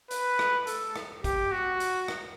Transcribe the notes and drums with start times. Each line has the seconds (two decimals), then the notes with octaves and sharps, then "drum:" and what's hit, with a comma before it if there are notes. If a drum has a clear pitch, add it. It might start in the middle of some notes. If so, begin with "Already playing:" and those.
0.11 B4, drum: hi-hat
0.39 drum: rim click
0.67 A4, drum: hi-hat
0.96 drum: rim click
1.24 G4, drum: kick, hi-hat
1.52 F#4
1.80 drum: hi-hat
2.08 drum: rim click